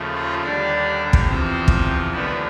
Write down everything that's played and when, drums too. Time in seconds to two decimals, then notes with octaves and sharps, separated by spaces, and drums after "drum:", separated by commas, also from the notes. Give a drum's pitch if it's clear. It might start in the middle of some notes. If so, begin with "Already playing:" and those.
Already playing: D#2 C#3 F3 A3
0.15 F4 F5
0.43 D#2 D3 G3 D4 D5
1.13 drum: kick
1.28 E2 C3 F3 C4 C5
1.68 drum: kick
2.13 D#2 D3 F3 A3 B3 B4